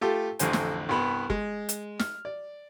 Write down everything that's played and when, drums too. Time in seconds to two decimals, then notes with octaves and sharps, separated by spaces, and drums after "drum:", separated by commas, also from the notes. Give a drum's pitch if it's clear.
0.01 A3 F4 G4 A4
0.39 A1 F2 D3 C5 G#5, drum: hi-hat
0.53 drum: snare
0.89 C2 G2 B3 B5
1.30 G#3, drum: kick
1.69 drum: hi-hat
1.99 F6, drum: snare
2.25 D5